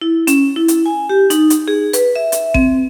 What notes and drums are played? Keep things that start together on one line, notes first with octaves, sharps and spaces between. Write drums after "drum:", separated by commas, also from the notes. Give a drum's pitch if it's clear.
E4
C#4, drum: hi-hat
E4
drum: hi-hat
G#5
G4
D#4, drum: hi-hat
drum: hi-hat
G#4
B4, drum: hi-hat
E5
drum: hi-hat
C4, drum: kick A1